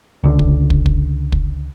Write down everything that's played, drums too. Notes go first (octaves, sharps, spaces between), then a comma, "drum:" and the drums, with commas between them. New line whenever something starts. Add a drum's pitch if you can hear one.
C#2 D3
drum: kick
drum: kick
drum: kick
drum: kick